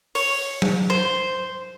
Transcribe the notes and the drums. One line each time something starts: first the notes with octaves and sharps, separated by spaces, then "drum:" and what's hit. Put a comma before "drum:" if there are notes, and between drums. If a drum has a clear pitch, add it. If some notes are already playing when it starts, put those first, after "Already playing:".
C#5, drum: open hi-hat
drum: tom F#3
C5